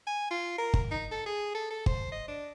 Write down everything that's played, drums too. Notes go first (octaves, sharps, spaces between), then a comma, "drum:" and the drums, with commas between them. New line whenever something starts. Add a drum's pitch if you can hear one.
G#5
F4
A#4
drum: kick G1
D#4
A4
G#4
A4
A4
C5, drum: kick G1
D#5
D4